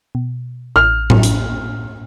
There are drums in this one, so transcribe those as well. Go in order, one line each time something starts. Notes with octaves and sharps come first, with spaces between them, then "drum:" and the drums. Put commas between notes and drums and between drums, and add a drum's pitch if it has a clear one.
B2
A1 F6
drum: tom A2
drum: hi-hat